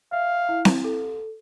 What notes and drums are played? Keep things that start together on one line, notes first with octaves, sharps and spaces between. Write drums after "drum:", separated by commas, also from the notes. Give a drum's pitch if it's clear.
E5 F5
E4
drum: snare C4
A4